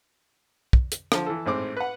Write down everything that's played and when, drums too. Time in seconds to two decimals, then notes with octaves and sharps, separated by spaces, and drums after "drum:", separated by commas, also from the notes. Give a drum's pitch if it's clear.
0.73 drum: kick
0.92 drum: hi-hat
1.12 D3 F3, drum: rim click
1.26 E3 A4
1.46 A1 G#2 C4 D6
1.77 B4 F#5